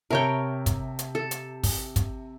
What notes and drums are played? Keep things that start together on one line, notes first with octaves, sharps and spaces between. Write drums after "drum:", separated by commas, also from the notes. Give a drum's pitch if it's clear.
C3 A#4 C#5 E5 G5 A5
drum: kick, hi-hat
drum: hi-hat
A4
drum: hi-hat
drum: kick, open hi-hat
drum: kick, hi-hat